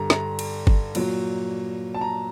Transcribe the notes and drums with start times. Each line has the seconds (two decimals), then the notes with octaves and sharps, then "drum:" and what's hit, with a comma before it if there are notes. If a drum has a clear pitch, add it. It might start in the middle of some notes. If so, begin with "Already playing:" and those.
Already playing: G2 D3 G3 A#5
0.10 A#5, drum: snare
0.39 drum: cymbal
0.67 drum: kick
0.95 A#2 F#3, drum: cymbal
1.94 A5
2.01 A#5